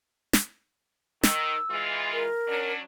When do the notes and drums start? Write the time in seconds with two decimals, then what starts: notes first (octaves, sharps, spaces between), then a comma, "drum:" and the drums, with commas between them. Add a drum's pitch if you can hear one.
0.33 drum: snare
1.23 D#3 E6, drum: snare
1.71 E3 G#3 F4
2.13 A#4
2.48 F#3 C#4 D4